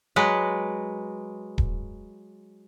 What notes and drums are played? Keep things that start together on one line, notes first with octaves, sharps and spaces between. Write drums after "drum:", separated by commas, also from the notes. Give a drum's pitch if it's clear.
F#3 G#3 B4
drum: kick D#1